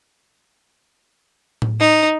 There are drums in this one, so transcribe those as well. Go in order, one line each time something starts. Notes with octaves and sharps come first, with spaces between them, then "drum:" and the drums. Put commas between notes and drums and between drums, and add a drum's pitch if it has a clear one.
drum: tom A2
D#4